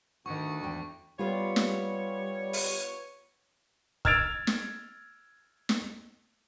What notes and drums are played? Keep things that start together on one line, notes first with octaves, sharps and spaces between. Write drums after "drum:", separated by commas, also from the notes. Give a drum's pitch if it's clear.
D2 D#3 F#5 C#6
E2 B4 G5
G3 B3 F4 C#5
drum: snare
drum: open hi-hat
E6 F6 G#6 A6 D7 F7, drum: kick
drum: snare
drum: snare